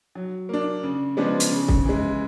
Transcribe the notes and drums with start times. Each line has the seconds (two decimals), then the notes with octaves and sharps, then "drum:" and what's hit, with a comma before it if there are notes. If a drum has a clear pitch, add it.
0.15 F#3
0.49 A#3 D4
0.83 C#3
1.17 F3 G#3 B3 D4
1.40 drum: hi-hat
1.51 C#3
1.68 drum: kick
1.85 E3 G#3